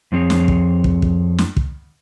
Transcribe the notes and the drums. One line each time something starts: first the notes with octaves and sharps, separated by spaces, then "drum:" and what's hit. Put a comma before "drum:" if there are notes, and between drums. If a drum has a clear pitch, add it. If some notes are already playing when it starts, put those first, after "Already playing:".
F2 F3 C4 G#4 C#5
drum: snare
drum: kick
drum: kick
drum: kick
drum: snare
drum: kick